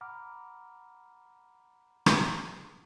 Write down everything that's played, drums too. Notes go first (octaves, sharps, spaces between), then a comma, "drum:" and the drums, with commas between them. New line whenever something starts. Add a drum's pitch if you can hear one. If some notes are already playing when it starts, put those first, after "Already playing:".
F#5 A#5 B5 D6 F6
drum: rim click